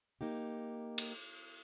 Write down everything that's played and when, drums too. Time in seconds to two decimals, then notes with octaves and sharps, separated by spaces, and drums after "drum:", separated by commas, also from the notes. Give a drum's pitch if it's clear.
0.21 A#3 D#4 G4
0.98 drum: cymbal